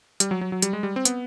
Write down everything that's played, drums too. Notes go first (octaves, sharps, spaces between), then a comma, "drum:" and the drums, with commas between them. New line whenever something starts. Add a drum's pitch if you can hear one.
G3, drum: hi-hat
F#3
F#3
F#3
G3, drum: hi-hat
G#3
G3
C4
B3, drum: hi-hat